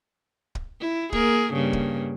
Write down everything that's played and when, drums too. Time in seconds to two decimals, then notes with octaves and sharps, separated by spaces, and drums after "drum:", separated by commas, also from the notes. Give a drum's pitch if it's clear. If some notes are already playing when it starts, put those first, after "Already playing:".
0.55 drum: kick
0.80 E4
1.12 A#3 G#4 A#4, drum: kick
1.53 G2 C#3 A#3
1.73 drum: kick